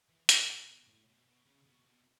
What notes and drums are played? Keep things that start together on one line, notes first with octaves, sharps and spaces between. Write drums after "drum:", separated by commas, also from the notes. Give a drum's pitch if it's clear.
E3
C#3, drum: hi-hat
B2
B2
A2
B2
B2
C#3
B2
B2